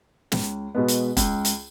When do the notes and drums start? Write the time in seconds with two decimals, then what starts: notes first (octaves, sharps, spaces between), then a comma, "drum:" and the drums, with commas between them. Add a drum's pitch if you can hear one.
0.32 C#2, drum: snare
0.75 B2 G#3 B3
0.88 drum: hi-hat
1.17 C#2, drum: kick E1, hi-hat
1.45 drum: hi-hat